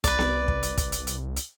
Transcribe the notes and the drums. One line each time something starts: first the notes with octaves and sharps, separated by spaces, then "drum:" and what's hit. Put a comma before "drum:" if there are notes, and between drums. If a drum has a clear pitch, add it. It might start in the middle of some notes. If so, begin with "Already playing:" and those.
C2 B4 D5, drum: kick, hi-hat
drum: snare B3
drum: kick
drum: hi-hat
drum: kick, hi-hat
drum: hi-hat
drum: hi-hat
drum: hi-hat